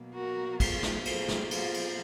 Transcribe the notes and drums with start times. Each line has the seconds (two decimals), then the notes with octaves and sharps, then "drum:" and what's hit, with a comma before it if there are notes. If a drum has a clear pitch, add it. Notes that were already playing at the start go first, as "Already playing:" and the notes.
Already playing: B2 F#3 A#3
0.14 F#4 A#4
0.60 F4 G#4, drum: kick, cymbal
0.83 drum: snare
1.05 F4 G#4, drum: cymbal
1.28 drum: snare
1.51 F4 G#4, drum: cymbal
1.74 drum: cymbal